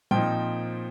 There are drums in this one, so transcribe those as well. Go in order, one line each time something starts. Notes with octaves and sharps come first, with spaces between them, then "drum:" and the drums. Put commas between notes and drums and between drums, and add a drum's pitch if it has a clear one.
A#2 F3 C4 D#4 G5, drum: tom G3